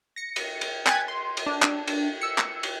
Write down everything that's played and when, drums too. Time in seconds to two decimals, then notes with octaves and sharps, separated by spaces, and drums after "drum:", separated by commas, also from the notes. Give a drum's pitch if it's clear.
0.16 A#6 C#7
0.36 drum: cymbal
0.61 drum: cymbal
0.87 G5 G#5 F#6 G#6 A6 B6, drum: clap
1.08 C6
1.37 drum: cymbal
1.46 D4
1.62 drum: clap
1.88 drum: cymbal
2.21 E6 C#7
2.38 drum: clap
2.63 drum: cymbal